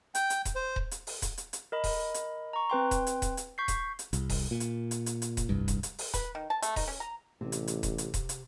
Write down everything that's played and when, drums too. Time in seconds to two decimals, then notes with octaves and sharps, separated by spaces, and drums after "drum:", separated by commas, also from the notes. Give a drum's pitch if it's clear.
0.15 G5, drum: hi-hat
0.30 drum: hi-hat
0.45 drum: kick D#1, hi-hat
0.55 C5
0.76 drum: kick D#1
0.91 drum: hi-hat
1.07 drum: open hi-hat
1.22 drum: kick D#1, hi-hat
1.38 drum: hi-hat
1.53 drum: hi-hat
1.72 A#4 D#5 B5
1.84 drum: kick D#1, open hi-hat
2.14 drum: hi-hat
2.53 A#5 C#6
2.70 C4 B4 G5 C6
2.91 drum: kick D#1, hi-hat
3.07 drum: hi-hat
3.22 drum: kick D#1, hi-hat
3.37 drum: hi-hat
3.58 C#6 G6 B6 C7
3.68 drum: kick D#1, hi-hat
3.99 drum: hi-hat
4.13 C2, drum: hi-hat
4.29 drum: kick D#1, open hi-hat
4.51 A#2
4.60 drum: hi-hat
4.91 drum: hi-hat
5.06 drum: hi-hat
5.22 drum: hi-hat
5.37 drum: kick D#1, hi-hat
5.49 F1 C2 G2
5.68 drum: kick D#1, hi-hat
5.83 drum: hi-hat
5.98 drum: open hi-hat
6.14 B4, drum: kick D#1, hi-hat
6.35 D#3
6.50 A5
6.62 A3, drum: hi-hat
6.76 D#4, drum: kick D#1, open hi-hat
6.88 C#4
7.00 A#5
7.41 A1 C3
7.52 drum: hi-hat
7.68 drum: hi-hat
7.83 drum: kick D#1, hi-hat
7.98 drum: hi-hat
8.14 drum: kick D#1, hi-hat
8.29 drum: hi-hat